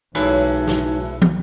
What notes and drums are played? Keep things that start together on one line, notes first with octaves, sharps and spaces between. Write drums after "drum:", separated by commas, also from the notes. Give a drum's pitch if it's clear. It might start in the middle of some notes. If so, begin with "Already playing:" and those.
B1 E2 A2 G#3 D#4 E4 F#4 A5, drum: hi-hat
drum: snare
drum: tom